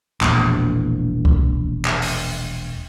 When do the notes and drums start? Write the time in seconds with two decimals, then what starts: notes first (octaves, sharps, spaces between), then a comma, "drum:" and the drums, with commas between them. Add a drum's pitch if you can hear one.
0.21 E1 A#1, drum: clap
1.25 drum: kick C2
1.85 drum: clap
2.02 drum: open hi-hat